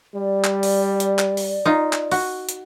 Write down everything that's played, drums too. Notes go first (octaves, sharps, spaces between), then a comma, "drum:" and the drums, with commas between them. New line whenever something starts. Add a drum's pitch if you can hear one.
G3 D5
drum: clap
drum: open hi-hat
drum: hi-hat
drum: clap
drum: open hi-hat
D#4 F4
drum: clap
F#4, drum: open hi-hat
drum: hi-hat